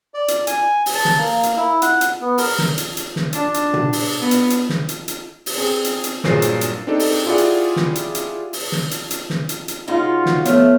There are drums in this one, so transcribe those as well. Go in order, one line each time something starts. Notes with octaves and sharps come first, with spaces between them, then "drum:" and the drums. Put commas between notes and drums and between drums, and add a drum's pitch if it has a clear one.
D5
drum: hi-hat
G#5, drum: hi-hat
drum: open hi-hat
A5
drum: snare
A#3
drum: hi-hat
E4
F#5, drum: hi-hat
drum: hi-hat
B3
A#4, drum: open hi-hat
drum: snare
drum: hi-hat
drum: hi-hat
drum: snare
D4, drum: hi-hat
drum: hi-hat
drum: tom
drum: open hi-hat
B3
drum: hi-hat
drum: hi-hat
drum: snare
drum: hi-hat
drum: hi-hat
drum: open hi-hat
C4 G#4
drum: hi-hat
drum: hi-hat
G2 A#2 F#3 G#4 C5 C7, drum: snare
drum: hi-hat
drum: hi-hat
C4 D4 D#4 G4 A4
drum: open hi-hat
E4 F4 G4 G#4 D5 F#5
drum: hi-hat
drum: snare
drum: hi-hat
drum: hi-hat
drum: open hi-hat
drum: snare
drum: hi-hat
drum: hi-hat
drum: snare
drum: hi-hat
drum: hi-hat
C#3 D#4 F4 F#4
drum: snare
F3 A3 B3 C#5 F6, drum: hi-hat